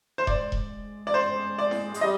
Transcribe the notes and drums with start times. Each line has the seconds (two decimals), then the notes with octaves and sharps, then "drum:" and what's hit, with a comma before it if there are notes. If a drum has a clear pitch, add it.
0.18 C5
0.27 G#3 D5, drum: kick E1
0.52 drum: kick E1
1.07 D5
1.14 C5
1.58 D5
1.71 drum: snare E4
1.94 G#3, drum: hi-hat
2.01 G3 D#5